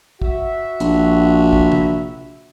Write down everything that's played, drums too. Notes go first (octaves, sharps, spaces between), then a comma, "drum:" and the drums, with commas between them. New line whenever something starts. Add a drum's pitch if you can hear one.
F#4 E5, drum: kick
A#1, drum: hi-hat
drum: kick
drum: tom C3